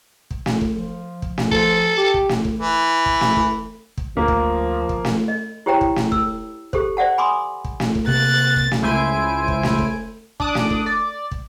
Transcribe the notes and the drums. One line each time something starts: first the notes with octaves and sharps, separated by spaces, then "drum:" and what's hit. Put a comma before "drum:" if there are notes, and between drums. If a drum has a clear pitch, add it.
drum: kick
drum: snare
drum: kick
F3
drum: kick
drum: snare
F3 A4, drum: kick
G4
drum: kick
drum: snare
drum: kick
E3
drum: kick
drum: snare
drum: kick
drum: kick
D2 F3 A#3
drum: kick
drum: kick
drum: snare
D#5
E4 G4 C5 C#5 G5 A#5
drum: kick
drum: snare
E6, drum: kick
G4 A4 C5, drum: kick
C5 D5 E5 F#5 A5
G#5 B5 C6 D6 D#6
drum: kick
drum: snare
drum: kick
C3 A#3 F#6 A6
drum: kick
drum: snare
C#2 E4 C5 G#5 D7
drum: kick
drum: snare
drum: kick
D4 D6 D#6 F#6, drum: kick
drum: snare
drum: kick
D5
drum: kick